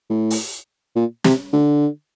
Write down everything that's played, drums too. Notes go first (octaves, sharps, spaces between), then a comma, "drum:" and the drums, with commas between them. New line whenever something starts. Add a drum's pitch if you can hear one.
A2
drum: open hi-hat
A#2
C3, drum: snare
D3